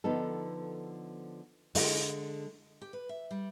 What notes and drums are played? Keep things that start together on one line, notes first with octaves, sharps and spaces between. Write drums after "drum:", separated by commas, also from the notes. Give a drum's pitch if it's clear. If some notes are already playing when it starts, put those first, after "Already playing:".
D3 F3 B3 D#4 A4
D3 G#3, drum: open hi-hat
G4
B4
E5
G3